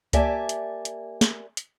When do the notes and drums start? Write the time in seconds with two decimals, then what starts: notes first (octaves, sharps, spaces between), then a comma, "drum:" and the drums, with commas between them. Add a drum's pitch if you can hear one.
0.13 A#3 G4 D5 E5 G#5 A5, drum: kick C#2, hi-hat
0.49 drum: hi-hat
0.85 drum: hi-hat
1.21 drum: snare
1.57 drum: hi-hat